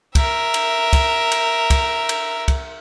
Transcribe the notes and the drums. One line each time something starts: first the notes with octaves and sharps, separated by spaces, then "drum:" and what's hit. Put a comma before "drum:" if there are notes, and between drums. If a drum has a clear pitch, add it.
A#4 E5, drum: kick, cymbal
drum: cymbal
drum: kick, cymbal
drum: cymbal
drum: kick, cymbal
drum: cymbal
drum: kick, cymbal